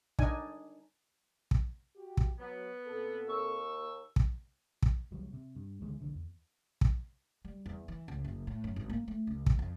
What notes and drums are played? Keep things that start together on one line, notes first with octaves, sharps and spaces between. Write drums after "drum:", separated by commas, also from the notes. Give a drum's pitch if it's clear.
D4 D#4 G#5, drum: kick
drum: kick
F#4 G4
drum: kick
F#3 B3
A#2 C4 A4
D#2 C#6 E6
drum: kick
drum: kick
C2 E3 F#3 G3
C3
G2
C#2 D3 E3 G#3
B1 D3 E3
E2
drum: kick
G3
E2
E3
C#2
F#1
A2
F#2
G#1
A#3
A3
C#2
drum: kick
F2